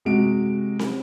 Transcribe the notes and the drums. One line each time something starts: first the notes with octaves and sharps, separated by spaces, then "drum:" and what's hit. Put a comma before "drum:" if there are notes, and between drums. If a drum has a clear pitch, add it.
C3 G#3 F#4 D7
drum: snare C4